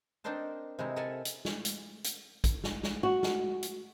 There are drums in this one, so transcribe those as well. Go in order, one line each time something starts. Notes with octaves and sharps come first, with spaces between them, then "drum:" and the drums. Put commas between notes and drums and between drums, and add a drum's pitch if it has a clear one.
C4 D4 D#4 A#4 C5 A5
C3 G#3 D#4 E4
A4 A#4 E5 F#5 G#5 A5
drum: hi-hat
drum: snare
drum: hi-hat
drum: hi-hat
drum: kick, hi-hat
drum: snare
drum: snare
F#4
drum: snare
drum: hi-hat